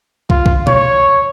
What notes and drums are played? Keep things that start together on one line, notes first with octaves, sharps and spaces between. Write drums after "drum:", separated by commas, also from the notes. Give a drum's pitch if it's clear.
F4, drum: kick
drum: kick
C#5, drum: tom B2